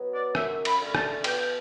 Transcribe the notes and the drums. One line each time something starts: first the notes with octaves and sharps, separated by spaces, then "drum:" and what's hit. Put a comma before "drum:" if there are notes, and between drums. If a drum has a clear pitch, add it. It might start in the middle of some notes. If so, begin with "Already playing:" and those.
Already playing: B2 F#3 B3
D5
F#2 E5, drum: rim click
B5, drum: cymbal
D3 A3 C#4
A5, drum: rim click
B2 G5, drum: cymbal